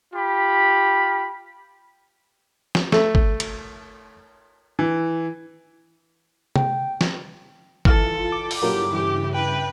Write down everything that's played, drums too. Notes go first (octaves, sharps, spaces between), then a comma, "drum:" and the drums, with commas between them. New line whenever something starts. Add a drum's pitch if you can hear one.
F4 G4 B5
drum: snare
A3, drum: snare
drum: kick
drum: cymbal
E3
G5, drum: tom C3
drum: snare
E3 F4 A4 F6, drum: kick
D5 G5 B5 D6
drum: open hi-hat
G2 C#3 F#3 A#3 E4 F4 G4
E3 G4
B4 G5